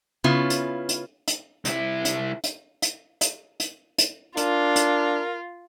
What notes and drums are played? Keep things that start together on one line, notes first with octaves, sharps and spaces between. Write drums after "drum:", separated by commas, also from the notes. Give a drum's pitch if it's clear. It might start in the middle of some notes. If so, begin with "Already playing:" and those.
C#3 B3 C#4 E4 F4
drum: hi-hat
drum: hi-hat
drum: hi-hat
C2 E4, drum: hi-hat
drum: hi-hat
drum: hi-hat
drum: hi-hat
drum: hi-hat
drum: hi-hat
drum: hi-hat
D4 F4 A#4, drum: hi-hat
drum: hi-hat